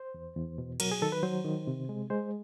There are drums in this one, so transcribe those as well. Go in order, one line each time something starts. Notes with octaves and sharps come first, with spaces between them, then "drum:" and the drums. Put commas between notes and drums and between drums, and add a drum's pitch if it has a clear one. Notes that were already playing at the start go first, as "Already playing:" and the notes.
Already playing: C5
E2
E2
B2
F#3 A#4, drum: cymbal
G#4
D#3 A4
B4
F#3 C5
D#3
C3
G#3
G#3 C5